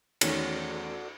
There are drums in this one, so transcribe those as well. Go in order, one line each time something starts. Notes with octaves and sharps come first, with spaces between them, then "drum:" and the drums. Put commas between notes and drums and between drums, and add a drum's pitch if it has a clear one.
E2 D#3 A3 C#4 F#4 A4 D5, drum: cymbal